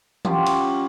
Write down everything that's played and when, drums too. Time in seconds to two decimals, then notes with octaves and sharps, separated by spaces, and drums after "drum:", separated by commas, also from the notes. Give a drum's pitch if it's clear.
0.25 F#3 C#4 F4 G4, drum: tom E3
0.46 drum: cymbal